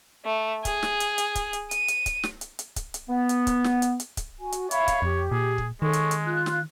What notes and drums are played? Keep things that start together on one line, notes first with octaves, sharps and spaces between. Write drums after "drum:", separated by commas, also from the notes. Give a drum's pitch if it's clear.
A3
G#4, drum: kick, hi-hat
drum: snare
drum: hi-hat
drum: hi-hat
drum: kick, hi-hat
drum: hi-hat
D#7, drum: hi-hat
drum: hi-hat
drum: kick, hi-hat
drum: snare
drum: hi-hat
drum: hi-hat
drum: kick, hi-hat
drum: hi-hat
B3
drum: hi-hat
drum: kick, hi-hat
drum: snare
drum: hi-hat
drum: hi-hat
drum: kick, hi-hat
F#4 G#5
drum: hi-hat
C#5 E5 F5 B5, drum: hi-hat
drum: kick, hi-hat
F2 G4
A#2 G#4
drum: kick
D#3 G#3 A4 C#5 C#6
drum: hi-hat
drum: hi-hat
F4 F#6
drum: snare